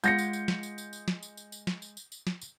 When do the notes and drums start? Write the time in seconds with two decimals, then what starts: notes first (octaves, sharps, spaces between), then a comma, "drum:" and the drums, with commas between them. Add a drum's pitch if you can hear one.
0.04 G#3 F4 F#5 G6 A#6 C#7, drum: tambourine
0.18 drum: tambourine
0.33 drum: tambourine
0.48 drum: snare
0.63 drum: tambourine
0.78 drum: tambourine
0.93 drum: tambourine
1.08 drum: snare
1.23 drum: tambourine
1.37 drum: tambourine
1.52 drum: tambourine
1.67 drum: snare
1.82 drum: tambourine
1.97 drum: tambourine
2.12 drum: tambourine
2.27 drum: snare
2.42 drum: tambourine